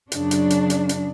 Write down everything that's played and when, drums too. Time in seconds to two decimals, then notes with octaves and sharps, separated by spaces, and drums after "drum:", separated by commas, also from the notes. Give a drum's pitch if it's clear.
0.12 F#2 C#3 D4, drum: hi-hat
0.31 drum: hi-hat
0.50 drum: hi-hat
0.70 drum: hi-hat
0.89 drum: hi-hat